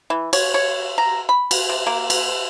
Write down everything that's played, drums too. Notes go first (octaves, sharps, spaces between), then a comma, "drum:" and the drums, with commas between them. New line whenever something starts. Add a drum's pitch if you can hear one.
E3
C#5, drum: cymbal
C#5
A#5
B5
drum: cymbal
C3
A#3
drum: cymbal